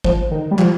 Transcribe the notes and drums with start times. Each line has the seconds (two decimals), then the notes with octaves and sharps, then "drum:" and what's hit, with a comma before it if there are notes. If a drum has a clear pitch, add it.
0.04 F3, drum: kick
0.31 D#3
0.51 G3
0.59 F3, drum: clap